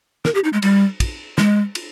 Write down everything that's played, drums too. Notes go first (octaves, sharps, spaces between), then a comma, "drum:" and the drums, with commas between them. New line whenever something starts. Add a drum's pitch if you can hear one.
A#4, drum: snare
G4
D#4
G#3
G3, drum: cymbal
drum: kick, cymbal
G#3, drum: snare
drum: cymbal